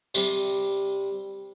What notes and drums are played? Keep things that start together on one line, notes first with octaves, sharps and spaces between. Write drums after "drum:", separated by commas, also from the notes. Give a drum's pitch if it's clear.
C3 G3, drum: tambourine